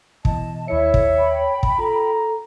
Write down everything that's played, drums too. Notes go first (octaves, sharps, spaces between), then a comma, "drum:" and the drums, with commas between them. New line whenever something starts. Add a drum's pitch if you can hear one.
B2 E3 D#5 A5, drum: kick
D#2 E4 A4 C#5 E5 C#7
drum: kick
G5 B5
drum: kick
F4 A4 A#5